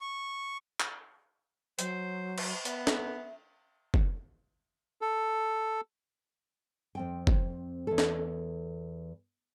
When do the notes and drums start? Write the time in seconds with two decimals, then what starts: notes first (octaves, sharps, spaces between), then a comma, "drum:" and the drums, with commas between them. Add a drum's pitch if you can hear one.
0.01 C#6
0.80 drum: clap
1.79 F#3 C5, drum: hi-hat
2.38 drum: cymbal
2.65 B3 E5, drum: hi-hat
2.87 drum: snare
3.94 drum: kick
5.01 A4
6.95 F2 C4 G5
7.27 drum: kick
7.87 E2 A4
7.98 drum: snare